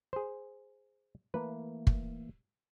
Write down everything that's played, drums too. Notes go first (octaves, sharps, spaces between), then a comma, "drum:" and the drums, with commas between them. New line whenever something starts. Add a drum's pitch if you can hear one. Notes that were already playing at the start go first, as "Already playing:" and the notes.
G#4 C5
E3 A3 A#3 B4
drum: kick